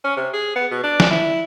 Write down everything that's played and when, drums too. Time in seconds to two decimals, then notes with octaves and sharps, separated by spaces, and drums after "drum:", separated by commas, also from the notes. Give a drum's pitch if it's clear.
0.05 C#4
0.17 C3
0.34 G#4
0.56 B3
0.71 B2
0.83 D4
1.00 drum: snare
1.11 E4